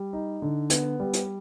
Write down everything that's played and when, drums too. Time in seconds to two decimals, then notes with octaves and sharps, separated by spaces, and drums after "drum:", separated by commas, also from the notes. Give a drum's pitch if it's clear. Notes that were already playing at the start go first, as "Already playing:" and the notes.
Already playing: G3
0.13 D#4
0.42 D3
0.70 B3, drum: hi-hat
1.00 G3
1.13 drum: hi-hat